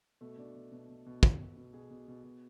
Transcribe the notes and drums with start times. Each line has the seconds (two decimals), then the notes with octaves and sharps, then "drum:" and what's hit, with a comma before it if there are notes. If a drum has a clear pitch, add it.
0.21 B2 A3
0.38 B2 D4
0.55 B2
0.72 B2
0.89 B2
1.06 B2
1.23 B2, drum: kick
1.39 B2
1.57 B2
1.73 B2 G#4
1.90 B2
2.08 B2
2.24 B2